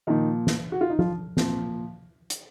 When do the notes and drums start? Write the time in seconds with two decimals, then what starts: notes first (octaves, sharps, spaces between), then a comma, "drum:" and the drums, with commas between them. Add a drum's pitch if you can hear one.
0.07 A#2 D#3 F3 D#4
0.47 drum: snare
0.72 F#4
0.81 F4
0.90 D#4
0.99 F3 F4, drum: tom F3
1.37 A#2 F3 C4, drum: snare
2.30 drum: hi-hat